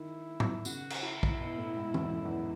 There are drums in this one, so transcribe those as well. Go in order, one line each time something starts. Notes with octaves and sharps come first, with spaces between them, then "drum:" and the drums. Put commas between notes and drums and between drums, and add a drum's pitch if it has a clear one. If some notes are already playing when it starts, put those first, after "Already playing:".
Already playing: D#3 E4
drum: tom A2
C#3 F#4, drum: tambourine
drum: cymbal
E4
drum: kick
B2
A2
G#2
E2, drum: tom
F#2
E2